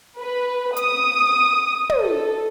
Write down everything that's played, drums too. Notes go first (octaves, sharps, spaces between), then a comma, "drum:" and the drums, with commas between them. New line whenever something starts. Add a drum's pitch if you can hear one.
B4
D#6, drum: hi-hat
drum: tom
A4